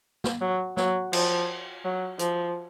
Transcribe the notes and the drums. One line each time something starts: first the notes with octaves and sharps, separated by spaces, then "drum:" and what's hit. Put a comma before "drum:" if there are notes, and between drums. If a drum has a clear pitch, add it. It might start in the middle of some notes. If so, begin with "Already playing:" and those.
drum: snare
F#3
F#3, drum: snare
F3, drum: cymbal
F#3
F3, drum: hi-hat